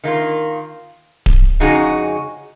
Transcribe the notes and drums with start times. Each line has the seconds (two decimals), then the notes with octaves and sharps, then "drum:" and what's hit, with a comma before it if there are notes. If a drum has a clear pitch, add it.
0.04 D#3 A#3 F4
1.26 drum: kick D1
1.60 F2 C#3 G#3 D#4 F#4